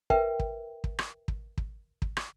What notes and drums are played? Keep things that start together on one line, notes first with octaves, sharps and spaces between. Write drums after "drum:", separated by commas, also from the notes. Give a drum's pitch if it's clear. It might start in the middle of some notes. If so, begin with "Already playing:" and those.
A#4 B4 E5 G5, drum: kick
drum: kick
drum: kick
drum: rim click
drum: kick
drum: kick
drum: kick
drum: rim click